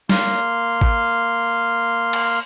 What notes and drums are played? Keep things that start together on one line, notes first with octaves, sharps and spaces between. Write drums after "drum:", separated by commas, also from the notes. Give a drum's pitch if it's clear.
A#3 C6 F6, drum: snare
drum: kick G#1
drum: cymbal